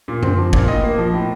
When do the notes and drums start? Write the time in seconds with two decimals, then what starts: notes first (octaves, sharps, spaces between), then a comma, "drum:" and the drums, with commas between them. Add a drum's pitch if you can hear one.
0.08 A#2
0.23 C4, drum: tom F#2
0.38 F3
0.53 A#2, drum: kick
0.68 A2 D#5
0.84 A#3
0.98 F3
1.13 A2